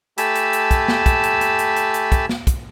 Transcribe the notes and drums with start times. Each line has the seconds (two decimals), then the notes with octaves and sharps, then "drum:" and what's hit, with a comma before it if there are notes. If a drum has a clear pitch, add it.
0.18 A3 G4 G#5 A5 B5 E6, drum: hi-hat
0.35 drum: hi-hat
0.53 drum: hi-hat
0.71 drum: kick, hi-hat
0.88 drum: snare
1.06 drum: kick, hi-hat
1.24 drum: hi-hat
1.41 drum: hi-hat
1.59 drum: hi-hat
1.76 drum: hi-hat
1.94 drum: hi-hat
2.12 drum: kick, hi-hat
2.29 drum: snare
2.47 drum: kick, hi-hat